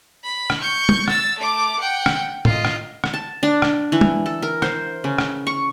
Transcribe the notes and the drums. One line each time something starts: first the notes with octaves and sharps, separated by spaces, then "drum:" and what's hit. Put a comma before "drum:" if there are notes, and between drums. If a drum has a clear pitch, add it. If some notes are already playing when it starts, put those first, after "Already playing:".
B5
drum: rim click
C#6 G6
drum: tom
E6 A6, drum: rim click
A3 D6
F#5 G5
drum: rim click
F4 D#5, drum: tom
drum: rim click
drum: rim click
A5
D4
drum: rim click
E3
drum: tom
A4
A#4
C5, drum: rim click
C#3
drum: rim click
C#6